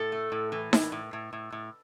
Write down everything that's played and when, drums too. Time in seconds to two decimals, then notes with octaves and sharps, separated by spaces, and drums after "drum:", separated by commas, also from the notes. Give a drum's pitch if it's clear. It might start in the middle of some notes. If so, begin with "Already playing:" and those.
Already playing: A2 A4
0.12 A3
0.32 A2
0.52 E3
0.73 A2, drum: snare D#4
0.92 A2
1.13 A2
1.33 A2
1.52 A2